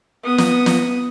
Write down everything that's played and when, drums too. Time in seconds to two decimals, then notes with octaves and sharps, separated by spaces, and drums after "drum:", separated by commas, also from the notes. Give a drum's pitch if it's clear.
0.24 B3 D#6
0.38 drum: snare
0.66 drum: snare